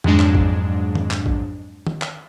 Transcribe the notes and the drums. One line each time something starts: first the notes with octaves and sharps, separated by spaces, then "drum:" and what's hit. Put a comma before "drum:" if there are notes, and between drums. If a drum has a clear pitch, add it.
F2 G#2 F#3 G#3 D4, drum: tom D#3
drum: clap
drum: kick A1
drum: tom D#3
drum: clap
drum: kick A1
drum: tom D#3
drum: clap